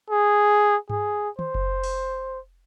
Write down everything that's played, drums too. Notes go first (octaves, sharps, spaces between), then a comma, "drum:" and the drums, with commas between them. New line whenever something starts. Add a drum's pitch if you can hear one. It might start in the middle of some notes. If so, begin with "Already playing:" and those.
G#4
G#4, drum: tom G2
C5, drum: tom
drum: kick F#1
drum: open hi-hat